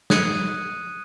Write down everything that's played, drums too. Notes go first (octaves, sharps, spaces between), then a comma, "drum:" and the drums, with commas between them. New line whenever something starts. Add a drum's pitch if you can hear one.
D#6 F#6 G#6 C#7 D#7, drum: snare